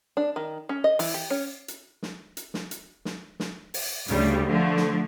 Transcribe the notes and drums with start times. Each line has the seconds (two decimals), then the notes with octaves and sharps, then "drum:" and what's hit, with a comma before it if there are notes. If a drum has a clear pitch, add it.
0.17 D4
0.36 D#3
0.69 C#4
0.84 D#5
0.99 E3, drum: open hi-hat
1.14 G4
1.30 C#4
1.68 drum: hi-hat
2.03 drum: snare
2.37 drum: hi-hat
2.54 drum: snare
2.71 drum: hi-hat
3.05 drum: snare
3.40 drum: snare
3.74 drum: open hi-hat
4.08 D2 C#3 G3, drum: hi-hat
4.49 D3 F3 A3
4.77 drum: snare